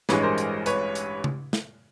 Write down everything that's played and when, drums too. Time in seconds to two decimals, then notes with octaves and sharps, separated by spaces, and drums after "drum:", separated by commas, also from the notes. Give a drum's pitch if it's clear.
0.09 A1 G2 E3 G#3 B4 C#5, drum: snare
0.23 A#4 C5
0.38 drum: hi-hat
0.66 B4 C#5, drum: hi-hat
0.95 drum: hi-hat
1.24 drum: tom C#3
1.53 drum: snare